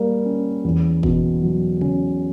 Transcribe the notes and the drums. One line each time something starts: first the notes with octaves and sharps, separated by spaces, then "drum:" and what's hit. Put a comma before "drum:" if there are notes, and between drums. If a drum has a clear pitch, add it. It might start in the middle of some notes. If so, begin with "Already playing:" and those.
Already playing: G3 A#3
C#4
E2
B2, drum: kick
F#3
C#4, drum: tom C3